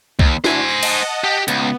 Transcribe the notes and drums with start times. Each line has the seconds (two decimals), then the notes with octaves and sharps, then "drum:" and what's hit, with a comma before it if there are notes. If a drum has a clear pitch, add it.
0.19 D#2, drum: kick C2
0.44 D4 E4 F#4 C5 G#5, drum: snare
0.68 A#6
0.83 D#5 F#5 A5, drum: cymbal
1.24 G4
1.48 C#2 B3, drum: hi-hat